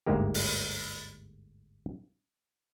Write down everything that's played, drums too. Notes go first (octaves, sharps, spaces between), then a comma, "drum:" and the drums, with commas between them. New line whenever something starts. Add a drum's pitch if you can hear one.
G1 D2 G#2 G#3 A#3 G4
drum: open hi-hat